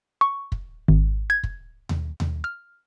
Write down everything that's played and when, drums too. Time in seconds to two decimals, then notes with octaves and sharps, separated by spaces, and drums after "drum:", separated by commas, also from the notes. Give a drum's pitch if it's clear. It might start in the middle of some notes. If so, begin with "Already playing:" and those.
0.21 C#6
0.52 drum: kick
0.88 G#1
1.30 G#6
1.43 drum: kick
1.89 drum: tom D#2
2.20 drum: tom D#2
2.44 F6